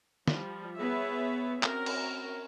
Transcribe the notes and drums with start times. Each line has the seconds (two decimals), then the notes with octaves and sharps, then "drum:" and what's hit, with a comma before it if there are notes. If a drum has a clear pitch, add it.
0.28 F3 G3, drum: snare
0.77 B3 G#4 C#5 E5
1.63 C4 C#4 F#4 A#4, drum: clap
1.86 drum: cymbal